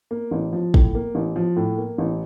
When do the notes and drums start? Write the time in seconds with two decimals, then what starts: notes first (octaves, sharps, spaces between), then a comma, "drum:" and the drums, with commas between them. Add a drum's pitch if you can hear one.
0.11 A#3
0.31 A1
0.53 F3
0.74 A2, drum: kick
0.95 A#3
1.15 A1
1.36 F3
1.56 A2
1.78 A#3
1.98 A1